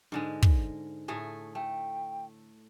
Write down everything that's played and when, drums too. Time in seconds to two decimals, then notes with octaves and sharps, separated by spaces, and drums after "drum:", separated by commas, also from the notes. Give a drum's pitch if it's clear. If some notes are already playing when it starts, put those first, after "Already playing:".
0.12 G#2 D3 G#3
0.42 drum: kick
1.08 A2 A3 G#4
1.55 A3 G5